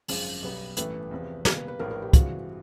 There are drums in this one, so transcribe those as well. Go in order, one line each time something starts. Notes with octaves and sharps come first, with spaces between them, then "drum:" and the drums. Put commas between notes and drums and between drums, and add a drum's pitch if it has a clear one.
G#1 F#2 C#3 F3 G#3, drum: open hi-hat
B1 B2 G3 B3
A1 G2 E3 A3 B4, drum: hi-hat
E2 C3 F3
B2 G3 A#3 B4, drum: snare
B4
B4
A#1 A2 F3 A#4
A#4
G4
G2 E3 G#3 C4 F4 F#4, drum: kick, hi-hat